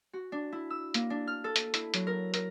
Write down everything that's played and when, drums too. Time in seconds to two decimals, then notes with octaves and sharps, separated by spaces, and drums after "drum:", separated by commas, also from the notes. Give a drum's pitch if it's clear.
0.13 F#4
0.32 D4
0.52 E4
0.70 E6
0.94 A#3, drum: hi-hat
1.10 D4
1.27 F6
1.44 A4
1.56 drum: hi-hat
1.74 E4, drum: hi-hat
1.94 F#3, drum: hi-hat
2.07 A#4
2.34 A#4, drum: hi-hat